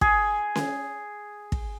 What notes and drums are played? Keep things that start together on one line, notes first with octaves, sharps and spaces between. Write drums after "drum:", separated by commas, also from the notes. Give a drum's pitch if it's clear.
G#4, drum: kick
drum: snare C#4
drum: kick